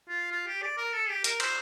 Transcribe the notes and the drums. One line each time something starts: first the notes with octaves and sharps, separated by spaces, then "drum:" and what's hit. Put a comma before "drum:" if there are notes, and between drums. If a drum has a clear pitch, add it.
F4
F4
G4
D5
A#4
A4
G4
A#4, drum: hi-hat
C5, drum: cymbal